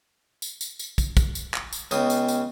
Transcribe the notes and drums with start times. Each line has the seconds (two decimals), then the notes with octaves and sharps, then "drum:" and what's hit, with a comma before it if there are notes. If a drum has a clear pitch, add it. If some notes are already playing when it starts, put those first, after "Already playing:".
0.42 drum: tambourine
0.61 drum: tambourine
0.79 drum: tambourine
0.98 drum: kick, tambourine
1.17 drum: kick, tambourine
1.35 drum: tambourine
1.54 drum: clap
1.73 drum: tambourine
1.91 C#2 C#3 B3 D#5 G5 D#6, drum: tambourine
2.10 drum: tambourine
2.28 drum: tambourine